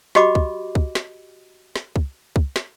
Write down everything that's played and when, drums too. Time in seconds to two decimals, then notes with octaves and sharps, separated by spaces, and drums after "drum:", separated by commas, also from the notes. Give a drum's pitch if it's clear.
0.15 F#4 G4 D#5 B5 D6, drum: snare
0.35 drum: kick
0.75 drum: kick
0.95 drum: snare
1.76 drum: snare
1.96 drum: kick
2.36 drum: kick
2.56 drum: snare